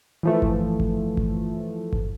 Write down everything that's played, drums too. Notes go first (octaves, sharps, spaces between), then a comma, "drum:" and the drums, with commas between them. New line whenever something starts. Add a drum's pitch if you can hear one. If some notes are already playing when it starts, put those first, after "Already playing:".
E3 F3 A3
drum: kick G1
drum: kick G1
drum: kick G1
drum: kick G1